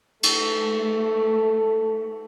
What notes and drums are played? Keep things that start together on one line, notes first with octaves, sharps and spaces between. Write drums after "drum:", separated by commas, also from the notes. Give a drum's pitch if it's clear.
A3 A4, drum: cymbal